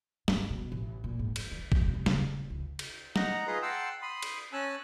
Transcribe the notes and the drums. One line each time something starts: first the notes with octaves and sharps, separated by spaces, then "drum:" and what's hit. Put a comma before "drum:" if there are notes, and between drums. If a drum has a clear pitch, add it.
G2, drum: snare
B2
A1
A#2
G#2
F#2, drum: cymbal
E3
drum: kick A1
E1
C2
C#3, drum: snare
D#1
C#2
drum: cymbal
D#4 F#5 A#5, drum: snare
F4 G#4 B4 D#5 A#5 C6
F#5 G5 A5 C6 E6
B5 C6 D#6
drum: cymbal
C#4 G#5 A5 E6 F#6